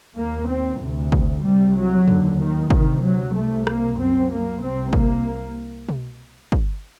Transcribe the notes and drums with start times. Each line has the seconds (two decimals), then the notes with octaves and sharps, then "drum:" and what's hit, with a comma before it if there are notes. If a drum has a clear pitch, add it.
0.16 D#2 A#3
0.48 C4
0.81 D2 C3
1.12 drum: kick
1.44 C2 C3 G3
1.76 F#3
2.08 D#2 D3, drum: tom F2
2.40 D#3
2.70 D2 C3 D#3, drum: kick
3.03 F#3
3.34 C2 C3 A3
3.67 A#3, drum: rim click
3.99 F#2 C4
4.30 A#3
4.62 C2 C3 C4
4.93 A#3, drum: kick
5.89 drum: tom B2
6.52 drum: kick